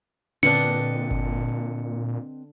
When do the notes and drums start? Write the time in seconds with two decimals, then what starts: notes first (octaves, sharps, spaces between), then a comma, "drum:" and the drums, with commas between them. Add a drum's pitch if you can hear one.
0.43 A#2 D3 C4 D4 B4 D#5 C#7, drum: tom C#4
1.11 drum: kick G1